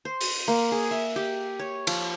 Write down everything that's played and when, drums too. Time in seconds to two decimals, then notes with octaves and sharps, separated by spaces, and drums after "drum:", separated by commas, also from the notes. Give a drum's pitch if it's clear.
0.05 C5
0.21 drum: open hi-hat
0.48 A#3
0.72 G#4
0.91 E5
1.16 G4
1.59 C#5
1.87 F3, drum: cymbal